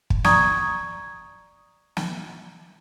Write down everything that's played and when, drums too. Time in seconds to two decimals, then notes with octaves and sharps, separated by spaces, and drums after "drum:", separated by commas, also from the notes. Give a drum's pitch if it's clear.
0.10 drum: kick
0.24 D5 A#5 C#6 D#6 G#6, drum: snare
1.97 drum: snare